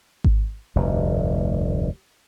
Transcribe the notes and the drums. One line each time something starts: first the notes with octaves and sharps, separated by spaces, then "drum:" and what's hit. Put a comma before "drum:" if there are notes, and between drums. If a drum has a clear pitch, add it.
drum: kick G#1
F1 D2 G2